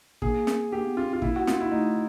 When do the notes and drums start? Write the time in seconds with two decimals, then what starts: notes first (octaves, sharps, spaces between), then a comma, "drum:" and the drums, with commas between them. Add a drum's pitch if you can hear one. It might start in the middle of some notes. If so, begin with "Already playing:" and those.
0.22 A#3 G#4, drum: kick
0.47 drum: snare
0.72 A#3 G4
0.85 B3
0.97 C4 F4
1.09 C4 F4
1.22 A#3 E4, drum: kick
1.36 F#4
1.47 F4, drum: snare
1.60 E4
1.71 A3 D#4